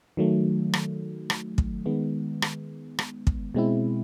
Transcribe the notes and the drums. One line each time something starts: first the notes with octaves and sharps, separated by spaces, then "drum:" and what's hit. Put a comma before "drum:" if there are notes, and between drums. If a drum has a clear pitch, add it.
D#3 F#3 A3
drum: rim click
drum: rim click
drum: kick
D#3 G#3 B3
drum: rim click
drum: rim click
drum: kick
B2 G#3 C4 E4